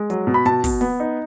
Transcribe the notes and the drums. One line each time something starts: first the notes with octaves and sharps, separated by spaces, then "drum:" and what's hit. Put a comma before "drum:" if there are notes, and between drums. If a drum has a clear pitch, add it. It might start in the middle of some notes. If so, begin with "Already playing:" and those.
Already playing: G#3
F#3, drum: hi-hat
B2
B5
B2 A5, drum: hi-hat
B2, drum: kick, open hi-hat
B3, drum: hi-hat
D#4